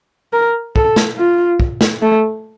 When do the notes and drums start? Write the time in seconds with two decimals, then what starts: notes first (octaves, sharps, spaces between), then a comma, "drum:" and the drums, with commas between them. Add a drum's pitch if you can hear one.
0.33 A#4
0.76 A4, drum: kick
0.96 drum: snare
1.18 F4
1.60 drum: kick
1.81 drum: snare
2.02 A3